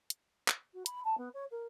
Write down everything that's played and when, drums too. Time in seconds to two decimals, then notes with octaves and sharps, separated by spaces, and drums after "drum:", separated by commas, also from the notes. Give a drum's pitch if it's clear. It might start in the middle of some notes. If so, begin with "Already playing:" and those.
0.10 drum: hi-hat
0.48 drum: clap
0.74 F#4
0.86 B5, drum: hi-hat
1.05 A5
1.18 B3
1.34 C#5
1.51 A#4